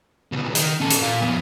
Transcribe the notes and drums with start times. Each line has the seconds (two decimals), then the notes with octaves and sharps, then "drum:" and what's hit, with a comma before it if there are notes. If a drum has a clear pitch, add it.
0.32 C#2 B2
0.55 D#3, drum: hi-hat
0.81 C#4 A4
0.90 drum: hi-hat
1.02 A#2 F4
1.22 F2 B3